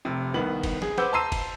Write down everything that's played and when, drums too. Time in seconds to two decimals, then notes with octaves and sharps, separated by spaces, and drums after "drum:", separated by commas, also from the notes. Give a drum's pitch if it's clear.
0.05 F1 C3
0.34 C2 D#3 B3 F#7
0.63 drum: kick, cymbal
0.82 G#4, drum: snare
0.98 B4 C5 F#5 D6 E6 G6, drum: snare
1.13 A5 A#5 C6 E6 C7 D#7
1.32 drum: kick, cymbal